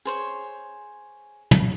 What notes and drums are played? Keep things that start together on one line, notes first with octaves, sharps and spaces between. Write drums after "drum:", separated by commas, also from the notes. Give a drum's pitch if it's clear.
G#4 C5 C#5
drum: tom